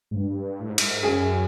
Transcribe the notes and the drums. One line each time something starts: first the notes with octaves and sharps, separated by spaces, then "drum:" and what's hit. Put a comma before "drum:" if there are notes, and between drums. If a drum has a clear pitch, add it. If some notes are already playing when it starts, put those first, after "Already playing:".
G#2
G2
A2
G#2
G2, drum: cymbal
G#2
F#2 G#4